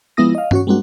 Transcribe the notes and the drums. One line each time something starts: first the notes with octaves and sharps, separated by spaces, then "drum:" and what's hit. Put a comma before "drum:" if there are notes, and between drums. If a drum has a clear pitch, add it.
F3 G#3 B3 E4 D#6 A#6
D#5 F5
C#4 F#4 C#5, drum: tom G2
G3 G#3 A#3 C4 D4 F#4